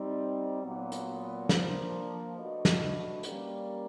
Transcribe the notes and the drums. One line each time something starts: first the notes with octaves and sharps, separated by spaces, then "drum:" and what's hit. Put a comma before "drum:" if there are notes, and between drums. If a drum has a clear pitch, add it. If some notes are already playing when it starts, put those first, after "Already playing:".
Already playing: G3 C4 D#4
A#2 F#3 B3
drum: hi-hat
F3 A#3 D4, drum: snare
A3 D4 F#4 B4 D#5
drum: snare
G3 A#3 C#4, drum: hi-hat